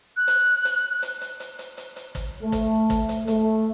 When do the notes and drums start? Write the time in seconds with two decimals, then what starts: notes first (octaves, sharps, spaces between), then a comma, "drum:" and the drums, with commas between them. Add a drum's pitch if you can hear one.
0.17 F#6
0.27 drum: hi-hat
0.65 drum: hi-hat
1.02 drum: hi-hat
1.21 drum: hi-hat
1.40 drum: hi-hat
1.59 drum: hi-hat
1.77 drum: hi-hat
1.96 drum: hi-hat
2.15 drum: kick, hi-hat
2.42 A3
2.52 drum: kick, hi-hat
2.90 drum: kick, hi-hat
3.09 drum: hi-hat
3.27 A3, drum: hi-hat